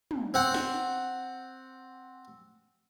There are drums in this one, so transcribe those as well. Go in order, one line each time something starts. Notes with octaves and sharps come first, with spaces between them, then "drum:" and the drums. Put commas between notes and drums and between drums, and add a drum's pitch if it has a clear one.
drum: tom
C4 F#5
drum: snare